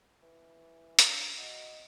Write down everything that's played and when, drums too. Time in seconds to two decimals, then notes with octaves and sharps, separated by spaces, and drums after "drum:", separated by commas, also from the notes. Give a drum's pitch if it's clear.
0.23 E3
0.99 A#3 D4, drum: hi-hat
1.38 F#4 D#5